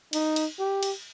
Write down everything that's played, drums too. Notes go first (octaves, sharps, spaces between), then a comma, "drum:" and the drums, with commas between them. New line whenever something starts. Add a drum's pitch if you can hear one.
D#4, drum: cymbal
drum: cymbal
G4
drum: cymbal